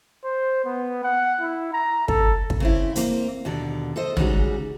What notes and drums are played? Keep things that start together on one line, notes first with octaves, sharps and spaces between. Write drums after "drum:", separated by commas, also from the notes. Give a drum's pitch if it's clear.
C5
B3
F#5
E4
A#5
A4, drum: kick
drum: kick
C#3 C4 E4
A#3 C4, drum: hi-hat
D#2 B2 D3 D5
A4 C5 D#5
C#3 G3 G#3 D#4 F#4, drum: tom